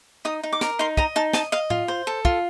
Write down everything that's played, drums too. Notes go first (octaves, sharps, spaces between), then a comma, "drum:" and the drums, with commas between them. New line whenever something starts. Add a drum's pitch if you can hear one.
D#4 D#6
D#4
D6
A#4, drum: snare
D#4 C6
D#5 A#5, drum: kick
D#4 A5
D#5 A5, drum: snare
D#5 F5
F4, drum: tom A2
C5
A4
F4, drum: kick